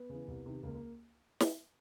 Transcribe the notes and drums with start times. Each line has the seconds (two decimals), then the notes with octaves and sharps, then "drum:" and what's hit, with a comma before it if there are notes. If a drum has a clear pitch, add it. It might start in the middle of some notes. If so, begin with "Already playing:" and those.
Already playing: B3
0.10 C#3 E3
0.28 C2
0.46 C3 D#3
0.63 C#2 A#3
0.75 A#3
1.40 drum: snare